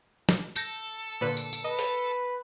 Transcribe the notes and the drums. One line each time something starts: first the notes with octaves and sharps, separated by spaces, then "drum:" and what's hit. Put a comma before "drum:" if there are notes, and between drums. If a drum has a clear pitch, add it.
drum: snare
A4 G6 A#6, drum: tambourine
A#2 D3 B4
drum: tambourine
drum: tambourine
B4 D#5
drum: open hi-hat